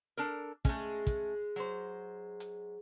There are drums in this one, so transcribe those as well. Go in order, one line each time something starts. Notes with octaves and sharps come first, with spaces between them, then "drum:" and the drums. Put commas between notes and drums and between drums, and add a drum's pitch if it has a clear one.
D4 A4 A#4
G#3 A3 C#4, drum: kick, hi-hat
drum: kick, hi-hat
F#3 C5
drum: hi-hat